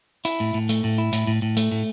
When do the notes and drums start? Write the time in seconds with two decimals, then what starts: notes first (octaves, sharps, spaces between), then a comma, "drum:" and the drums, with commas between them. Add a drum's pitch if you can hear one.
0.25 E4, drum: hi-hat
0.40 A2
0.54 A2
0.69 A3, drum: hi-hat
0.84 A2
0.98 E4
1.13 A2, drum: hi-hat
1.27 A2
1.42 A2
1.57 A3, drum: hi-hat
1.72 A2